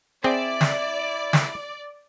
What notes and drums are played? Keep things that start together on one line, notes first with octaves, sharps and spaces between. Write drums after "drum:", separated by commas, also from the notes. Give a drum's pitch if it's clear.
C4 E4 G#4 D5 E5
drum: snare
drum: snare